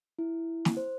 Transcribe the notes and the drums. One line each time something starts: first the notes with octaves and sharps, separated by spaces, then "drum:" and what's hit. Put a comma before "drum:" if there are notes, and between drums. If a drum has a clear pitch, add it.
E4
drum: snare
C5